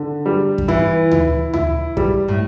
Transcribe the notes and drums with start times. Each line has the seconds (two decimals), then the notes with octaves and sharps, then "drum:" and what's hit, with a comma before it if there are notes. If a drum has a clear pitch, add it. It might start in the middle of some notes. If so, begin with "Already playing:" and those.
Already playing: D3
0.26 G3
0.58 drum: kick
0.68 E3 E4
1.11 E4, drum: tom D2
1.53 E4, drum: tom D2
1.97 G3, drum: kick
2.28 A2